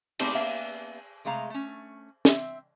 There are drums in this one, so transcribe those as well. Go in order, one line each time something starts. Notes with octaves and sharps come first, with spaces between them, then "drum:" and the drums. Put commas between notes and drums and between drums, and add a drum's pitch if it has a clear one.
A3 B3 C4 D#4 G4 B4, drum: cymbal
A#3 B3 C#4 E5 F5
C3 G#3 A3 F5 A#5
A3 C#4
C4 E5, drum: snare